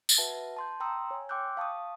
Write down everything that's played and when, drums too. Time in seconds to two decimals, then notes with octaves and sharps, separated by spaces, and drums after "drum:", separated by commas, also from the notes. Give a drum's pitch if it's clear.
0.09 drum: tambourine
0.18 F#4 B4 E5 F#5 A5
0.56 A5 C6 G6
0.80 G5 A#5 C6 D#6 E6
1.11 C#5 G#5
1.29 G5 C6 D6 E6 F#6 G6
1.57 F5 A5 C#6 D#6